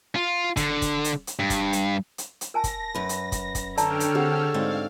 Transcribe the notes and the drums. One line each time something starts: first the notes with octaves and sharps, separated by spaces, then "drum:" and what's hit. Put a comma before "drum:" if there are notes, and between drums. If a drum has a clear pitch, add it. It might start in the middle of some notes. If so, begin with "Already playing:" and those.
F4
D3, drum: kick, hi-hat
drum: kick, hi-hat
drum: hi-hat
drum: hi-hat
G2
drum: kick, hi-hat
drum: hi-hat
drum: hi-hat
drum: hi-hat
A#4 G#5 A5 A#6
drum: kick, hi-hat
F#2 B4
drum: hi-hat
drum: kick, hi-hat
drum: kick, hi-hat
D3 A4 C#5 D5 G5 A5 A#5 F6, drum: hi-hat
drum: hi-hat
C4 G4 G#4 F#5
G#2 C4 D4 F5